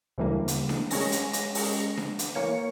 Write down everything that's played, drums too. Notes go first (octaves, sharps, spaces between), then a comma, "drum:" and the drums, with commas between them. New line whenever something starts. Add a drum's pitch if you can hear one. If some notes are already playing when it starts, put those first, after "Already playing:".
D2 C#3 E3 G3 A3 A#3
drum: hi-hat
drum: snare D4
G#3 C#4 A#6, drum: open hi-hat
drum: hi-hat
drum: hi-hat
drum: open hi-hat
drum: snare D4
drum: hi-hat
E3 A#3 C#5 C#7